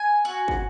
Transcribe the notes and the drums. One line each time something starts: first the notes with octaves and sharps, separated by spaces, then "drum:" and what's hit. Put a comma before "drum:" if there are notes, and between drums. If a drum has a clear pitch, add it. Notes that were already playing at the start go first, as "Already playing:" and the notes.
Already playing: G#5
F#4
drum: kick